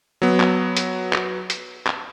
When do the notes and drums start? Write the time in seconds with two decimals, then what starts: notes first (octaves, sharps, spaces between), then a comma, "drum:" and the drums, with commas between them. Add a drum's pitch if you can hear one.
0.22 F#3 B3
0.40 drum: clap
0.77 drum: hi-hat
1.13 drum: clap
1.50 drum: hi-hat
1.86 drum: clap